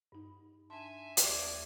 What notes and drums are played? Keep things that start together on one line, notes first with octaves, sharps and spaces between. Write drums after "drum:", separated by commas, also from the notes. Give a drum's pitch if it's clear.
G2 D#4
D4 E5 G#5 A5 C6
D#2 D5 G#6, drum: hi-hat